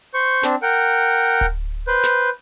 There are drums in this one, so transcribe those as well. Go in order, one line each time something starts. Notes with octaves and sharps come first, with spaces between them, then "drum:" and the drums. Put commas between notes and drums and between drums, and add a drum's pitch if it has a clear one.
C5 C#6
C4 D4, drum: snare
A#4 F#5 G5
drum: kick D1
B4 C5
drum: snare